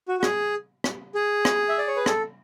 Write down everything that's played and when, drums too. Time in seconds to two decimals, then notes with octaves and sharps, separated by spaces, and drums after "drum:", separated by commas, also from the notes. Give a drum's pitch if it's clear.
0.08 F#4
0.19 F#4
0.23 G#4, drum: rim click
0.84 drum: rim click
1.15 G#4
1.45 drum: rim click
1.69 E5
1.78 D5
1.88 C#5
1.97 B4
2.06 A4, drum: rim click